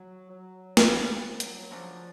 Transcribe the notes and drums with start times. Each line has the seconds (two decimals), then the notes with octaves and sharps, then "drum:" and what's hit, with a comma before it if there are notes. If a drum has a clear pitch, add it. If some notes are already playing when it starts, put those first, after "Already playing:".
Already playing: F#3
0.29 F#3
0.77 C#3 E3 F3 G3 B3, drum: snare
1.09 F3
1.32 G3
1.40 F#3, drum: hi-hat
1.71 C#3 F3 F#3 A3 D4